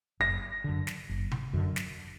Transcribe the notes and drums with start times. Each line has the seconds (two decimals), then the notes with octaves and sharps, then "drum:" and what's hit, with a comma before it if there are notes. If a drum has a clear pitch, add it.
0.20 F#1 A#6
0.64 F#2 D3
0.87 drum: snare
1.09 F#1
1.31 drum: tom C3
1.53 F#2 D3
1.76 drum: snare